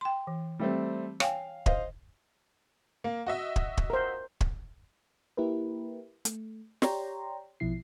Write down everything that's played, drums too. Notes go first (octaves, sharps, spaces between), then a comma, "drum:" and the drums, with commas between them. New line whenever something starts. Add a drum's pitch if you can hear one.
G5 C6
E3
G3 A3 C4
C#5 F5 G5 G#5, drum: rim click
C5 D#5 F5, drum: kick
A#3
F#4 D#5 E5
drum: kick
drum: kick
A#4 C5
drum: kick
A#3 E4 G4 A#4 B4
A3, drum: hi-hat
G4 C#5 D5 G5 A#5 C6, drum: snare
A#1 B2 F3 E4 C7